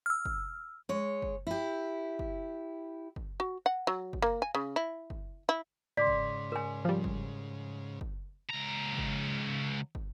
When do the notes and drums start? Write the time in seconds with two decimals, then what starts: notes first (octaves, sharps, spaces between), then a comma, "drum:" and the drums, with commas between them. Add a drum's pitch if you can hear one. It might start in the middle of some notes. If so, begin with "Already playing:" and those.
0.06 E6 F6
0.25 drum: kick
0.89 G#3 C#5
1.22 drum: kick
1.47 E4 G4
2.19 drum: kick
3.16 drum: kick
3.40 F#4
3.66 F#5
3.87 F#3
4.13 drum: kick
4.22 A#3
4.42 G#5
4.55 C#3
4.76 E4
5.10 drum: kick
5.49 E4
5.97 G#2 C#3 D5 C6 D6 B6
6.07 drum: kick
6.52 A#4 G#5
6.85 F3 G3
7.04 drum: kick
8.01 drum: kick
8.50 C#2 A#5
8.98 drum: kick
9.95 drum: kick